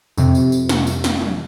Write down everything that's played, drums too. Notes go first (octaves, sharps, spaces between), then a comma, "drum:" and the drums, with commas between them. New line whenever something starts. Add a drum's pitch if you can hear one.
F2 C3, drum: tambourine
drum: tambourine
drum: tambourine
drum: snare
drum: tambourine
drum: snare
drum: tom